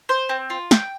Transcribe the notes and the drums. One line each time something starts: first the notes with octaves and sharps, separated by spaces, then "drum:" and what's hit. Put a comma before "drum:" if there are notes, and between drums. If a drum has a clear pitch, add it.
C5
C4
F4
G5, drum: snare